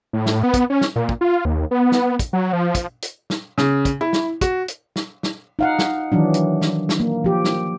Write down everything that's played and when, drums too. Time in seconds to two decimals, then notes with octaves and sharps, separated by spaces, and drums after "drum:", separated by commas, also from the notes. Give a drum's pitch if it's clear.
0.13 A2
0.26 drum: snare
0.43 B3
0.54 drum: kick, hi-hat
0.70 C#4
0.81 drum: snare
0.96 A#2
1.09 drum: kick
1.21 F4
1.45 D#2
1.71 B3
1.92 drum: snare
2.19 drum: kick, hi-hat
2.33 F#3
2.53 F3
2.75 drum: kick, hi-hat
3.02 drum: hi-hat
3.30 drum: snare
3.58 C#3, drum: snare
3.85 drum: kick, hi-hat
4.01 E4
4.13 drum: snare
4.41 F#4, drum: kick, hi-hat
4.68 drum: hi-hat
4.96 drum: snare
5.23 drum: snare
5.59 D#4 F5 F#5
5.79 drum: snare
6.12 D#3 E3 F#3 D4
6.34 drum: hi-hat
6.62 drum: snare
6.89 drum: snare
7.00 A#3
7.24 F3 G4
7.44 drum: snare